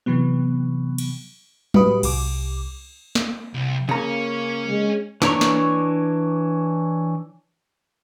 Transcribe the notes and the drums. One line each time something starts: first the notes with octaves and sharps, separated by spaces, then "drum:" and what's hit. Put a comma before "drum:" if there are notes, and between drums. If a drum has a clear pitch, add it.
C3 E3 F#3 B3
drum: cymbal
A2 F#4 G4 B4 B5 D#6, drum: tom F#3
C2 D6, drum: cymbal
drum: snare
C2
C#3 A#3 C#4 C#5 A#5
G#3
E3 D4 C#5 A#5 C#6, drum: snare
drum: snare